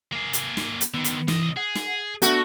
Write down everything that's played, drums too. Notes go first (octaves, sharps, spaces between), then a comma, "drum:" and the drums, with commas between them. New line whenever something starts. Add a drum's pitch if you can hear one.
A#3 G#4
drum: hi-hat
drum: snare
drum: hi-hat
D3 D#3 B3
drum: hi-hat
C2 E3 D#5, drum: snare
G#4 F#5
drum: snare
A3 B3 D4 F#4, drum: hi-hat